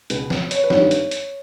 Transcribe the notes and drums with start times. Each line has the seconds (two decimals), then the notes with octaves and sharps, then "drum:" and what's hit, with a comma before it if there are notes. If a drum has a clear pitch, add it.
0.10 C#2 B2 G#3 B4, drum: hi-hat
0.30 B4, drum: snare
0.51 C#5, drum: hi-hat
0.64 B4
0.70 G#1 G2 D#3 G3 C#5, drum: snare
0.91 drum: hi-hat
1.11 drum: hi-hat